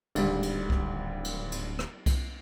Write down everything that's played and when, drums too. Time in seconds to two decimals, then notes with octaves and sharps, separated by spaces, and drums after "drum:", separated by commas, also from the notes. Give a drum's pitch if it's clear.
0.15 D1 G#1 D3 G3, drum: cymbal
0.43 drum: cymbal
0.70 drum: kick C2
1.24 drum: cymbal
1.52 drum: cymbal
1.79 drum: rim click
2.06 drum: kick C2, cymbal